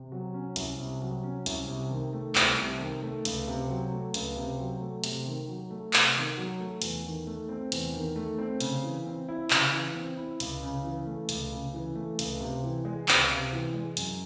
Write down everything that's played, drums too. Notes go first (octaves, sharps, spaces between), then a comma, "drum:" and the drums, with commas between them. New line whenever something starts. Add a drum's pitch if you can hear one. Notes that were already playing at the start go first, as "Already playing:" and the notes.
Already playing: C3
F#3
C#4
C2, drum: hi-hat
C3
F#3
C#4
C2, drum: hi-hat
C3
D#3
A3
C2, drum: clap
C3
D#3
A3
C#2, drum: hi-hat
C3
F#3
A3
C#2, drum: hi-hat
C3
F#3
A3
C3, drum: hi-hat
D#3
F#3
A3
C3, drum: clap
D#3
F#3
A3
E2, drum: hi-hat
D#3
A3
C4
E2, drum: hi-hat
D#3
A3
C4
C#3, drum: hi-hat
E3
C4
E4
C#3, drum: clap
E3
C4
E4
C#2, drum: hi-hat
C#3
E3
A3
C#2, drum: hi-hat
C#3
E3
A3
C#2, drum: hi-hat
C3
E3
G#3
C#2, drum: clap
C3
E3
G#3
F#2, drum: hi-hat